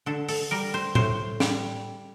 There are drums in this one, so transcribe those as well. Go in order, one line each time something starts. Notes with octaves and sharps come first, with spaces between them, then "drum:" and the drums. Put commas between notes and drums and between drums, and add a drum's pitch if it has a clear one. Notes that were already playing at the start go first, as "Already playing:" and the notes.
D3 A4
A4, drum: open hi-hat
G3 A#4
C5
A2 C5, drum: tom
G3, drum: snare